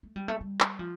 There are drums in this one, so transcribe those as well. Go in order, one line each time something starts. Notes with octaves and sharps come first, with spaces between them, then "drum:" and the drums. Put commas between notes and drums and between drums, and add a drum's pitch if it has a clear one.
A3
G3
A3
G3
drum: clap
F3